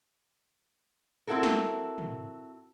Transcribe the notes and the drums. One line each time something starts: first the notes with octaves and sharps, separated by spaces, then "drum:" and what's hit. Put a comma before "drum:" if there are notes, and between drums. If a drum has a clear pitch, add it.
C4 E4 F#4 A4 A#4
drum: snare
drum: tom